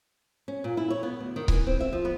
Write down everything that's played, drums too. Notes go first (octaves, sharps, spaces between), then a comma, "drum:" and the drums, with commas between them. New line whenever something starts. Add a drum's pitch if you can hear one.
C#4
A#2
E4
C#5
B3
D2
D#3
E3, drum: kick C#1
C4
E5
F3
B3